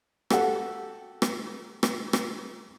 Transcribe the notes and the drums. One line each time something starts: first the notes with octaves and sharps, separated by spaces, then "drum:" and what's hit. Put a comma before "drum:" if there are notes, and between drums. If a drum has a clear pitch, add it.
F#4 G4 A4 F#5, drum: rim click
drum: rim click
drum: rim click
drum: rim click